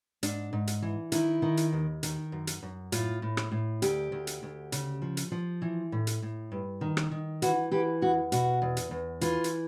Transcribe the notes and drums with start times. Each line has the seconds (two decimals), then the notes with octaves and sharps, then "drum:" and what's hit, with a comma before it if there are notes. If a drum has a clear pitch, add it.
0.23 G#2 D4, drum: hi-hat
0.53 G#2
0.67 drum: hi-hat
0.82 E3
1.12 D#3 E4, drum: hi-hat
1.42 D#3
1.57 drum: hi-hat
1.72 D#2
2.03 D#3, drum: hi-hat
2.32 F#2
2.47 drum: hi-hat
2.63 F#2
2.92 A2 F4, drum: hi-hat
3.22 A2
3.37 drum: rim click
3.52 A2
3.82 D2 G4, drum: hi-hat
4.12 D2
4.27 drum: hi-hat
4.43 D2
4.72 C#3, drum: hi-hat
5.02 F3
5.17 drum: hi-hat
5.32 F3
5.62 E3
5.92 A2
6.07 drum: hi-hat
6.22 A2
6.52 G2
6.81 D#3
6.97 drum: rim click
7.11 D#3
7.42 E3 F#4, drum: hi-hat
7.71 E3 G4
8.02 E2 F#4
8.32 B2 F#4, drum: hi-hat
8.62 E2
8.77 drum: hi-hat
8.91 E2
9.21 E3 F4, drum: hi-hat
9.44 drum: hi-hat